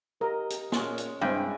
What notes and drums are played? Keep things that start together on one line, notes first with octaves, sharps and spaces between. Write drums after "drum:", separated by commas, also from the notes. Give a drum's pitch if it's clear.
G4 A#4 D#5
drum: hi-hat
A#2 G#3 C#4, drum: snare
drum: hi-hat
G2 G#3 C4 E4 G5 G#5